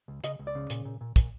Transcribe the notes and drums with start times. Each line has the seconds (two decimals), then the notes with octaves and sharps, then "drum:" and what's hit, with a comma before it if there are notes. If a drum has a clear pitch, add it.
0.08 C#2
0.24 C#3 D#5, drum: hi-hat
0.39 C#2
0.47 D5
0.55 C#3
0.70 A#2, drum: hi-hat
0.85 A#2
1.01 A#2
1.16 A#2, drum: kick, hi-hat